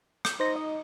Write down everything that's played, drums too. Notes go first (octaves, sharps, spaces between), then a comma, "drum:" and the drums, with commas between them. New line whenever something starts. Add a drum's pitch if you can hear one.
G6, drum: rim click
D#4 C5 A#6
D#5